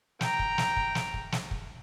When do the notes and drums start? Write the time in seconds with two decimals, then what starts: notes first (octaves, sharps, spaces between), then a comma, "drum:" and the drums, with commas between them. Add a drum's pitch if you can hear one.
0.21 G5 A#5, drum: snare
0.39 drum: kick
0.58 drum: snare
0.76 drum: kick
0.95 drum: snare
1.14 drum: kick
1.32 drum: snare
1.51 drum: kick